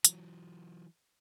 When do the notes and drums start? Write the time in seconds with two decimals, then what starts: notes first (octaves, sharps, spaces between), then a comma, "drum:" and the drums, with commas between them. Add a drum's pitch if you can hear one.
0.04 E3 F#3, drum: hi-hat